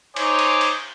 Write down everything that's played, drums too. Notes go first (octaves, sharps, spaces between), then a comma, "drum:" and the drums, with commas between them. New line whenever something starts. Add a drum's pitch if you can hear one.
D#4 C5 C#5 G#5 D6, drum: cymbal
drum: cymbal
drum: cymbal